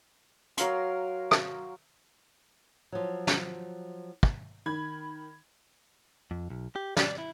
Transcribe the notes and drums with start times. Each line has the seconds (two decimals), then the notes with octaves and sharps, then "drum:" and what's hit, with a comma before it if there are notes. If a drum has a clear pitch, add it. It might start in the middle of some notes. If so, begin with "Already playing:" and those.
0.57 F#3 A#4 F5 C6, drum: hi-hat
1.31 drum: rim click
2.92 F3 F#3
3.27 drum: snare
4.23 drum: kick
4.66 D#3 B5 G#6
6.31 F2
6.50 B1
6.76 G4
6.97 D5, drum: snare
7.18 E4